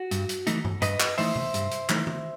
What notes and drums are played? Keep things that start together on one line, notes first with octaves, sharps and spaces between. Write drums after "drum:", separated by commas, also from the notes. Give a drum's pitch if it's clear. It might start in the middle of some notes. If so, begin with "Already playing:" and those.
Already playing: F#4
G2, drum: hi-hat
drum: hi-hat
E3 A3 D#4, drum: hi-hat
drum: tom G2
G2 B4 D#5, drum: hi-hat
drum: clap
E3 A3 D#4 C5 E5, drum: open hi-hat
drum: tom C3
G2, drum: hi-hat
drum: hi-hat
E3 A3 D#4, drum: clap
drum: tom